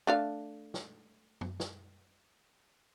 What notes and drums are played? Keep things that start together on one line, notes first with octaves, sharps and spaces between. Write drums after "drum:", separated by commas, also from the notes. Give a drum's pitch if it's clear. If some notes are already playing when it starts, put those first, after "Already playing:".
A3 D4 F5
drum: snare
drum: tom F#2
drum: snare